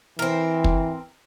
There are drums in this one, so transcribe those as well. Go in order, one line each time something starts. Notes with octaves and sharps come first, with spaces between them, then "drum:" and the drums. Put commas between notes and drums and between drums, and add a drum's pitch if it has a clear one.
E3 C4 A#4
drum: kick